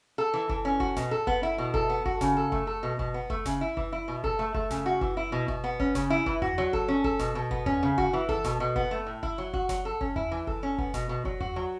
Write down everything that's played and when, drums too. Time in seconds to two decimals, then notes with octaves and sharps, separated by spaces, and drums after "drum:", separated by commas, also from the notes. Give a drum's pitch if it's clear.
0.18 A4
0.34 E3
0.49 E3, drum: kick F#1
0.65 C#4
0.80 F#4, drum: kick F#1
0.97 B2, drum: snare F#1
1.11 A4
1.27 B3, drum: kick F#1
1.43 E4
1.58 B2
1.74 A4, drum: kick F#1
1.90 B3
2.06 F#4, drum: kick F#1
2.21 C#3, drum: snare F#1
2.37 A4
2.52 A3, drum: kick F#1
2.67 A4
2.83 B2
2.99 B2, drum: kick F#1
3.14 B3
3.30 A3, drum: kick F#1
3.46 C#3, drum: snare F#1
3.61 E4
3.77 E3, drum: kick F#1
3.92 E4
4.08 B2
4.24 A4, drum: kick F#1
4.39 A3
4.54 A3, drum: kick F#1
4.71 C#3, drum: snare F#1
4.86 F#4
5.01 E3, drum: kick F#1
5.17 E4
5.32 B2
5.48 B2, drum: kick F#1
5.64 B3
5.80 C#4, drum: kick F#1
5.95 C#3, drum: snare F#1
6.10 E4
6.26 E3, drum: kick F#1
6.42 F#4, drum: tom E2
6.58 F#3
6.73 A4, drum: kick F#1
6.88 C#4
7.04 A4, drum: kick F#1
7.19 B2, drum: snare F#1
7.35 B2
7.51 B3, drum: kick F#1
7.66 C#4, drum: tom E2
7.83 C#3
7.98 F#4, drum: kick F#1
8.13 E3
8.29 A4, drum: kick F#1
8.44 B2, drum: snare F#1
8.60 B2
8.76 B3, drum: kick F#1
8.91 A3
9.06 A2
9.23 E4, drum: kick F#1
9.38 F#3
9.54 F#4, drum: kick F#1
9.69 F#3, drum: snare F#1
9.85 A4
10.01 C#4, drum: kick F#1
10.16 E4, drum: tom E2
10.31 E3
10.47 A4, drum: kick F#1
10.63 C#4
10.78 B3, drum: kick F#1
10.94 B2, drum: snare F#1
11.09 B2
11.25 F#3, drum: kick F#1
11.41 F#4, drum: tom E2
11.56 F#3